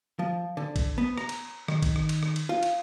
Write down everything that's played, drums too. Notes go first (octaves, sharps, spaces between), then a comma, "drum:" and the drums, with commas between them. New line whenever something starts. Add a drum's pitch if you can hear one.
F3
D3
drum: kick A1, cymbal
B3
A#5, drum: rim click
drum: cymbal
D#3, drum: rim click
drum: kick A1, cymbal
drum: rim click
drum: cymbal
drum: rim click
drum: cymbal
F4
drum: cymbal